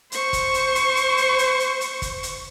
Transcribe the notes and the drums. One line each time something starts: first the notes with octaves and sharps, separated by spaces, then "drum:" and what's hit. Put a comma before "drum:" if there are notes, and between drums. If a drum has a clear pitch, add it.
C5 C#6, drum: hi-hat
drum: kick, hi-hat
drum: hi-hat
drum: hi-hat
drum: hi-hat
drum: hi-hat
drum: hi-hat
drum: hi-hat
drum: hi-hat
drum: kick, hi-hat
drum: hi-hat